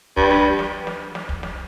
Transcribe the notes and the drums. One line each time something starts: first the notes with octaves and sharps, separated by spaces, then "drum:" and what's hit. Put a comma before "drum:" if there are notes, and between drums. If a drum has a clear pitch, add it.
G2, drum: kick
drum: snare
drum: snare
drum: snare
drum: snare
drum: kick
drum: snare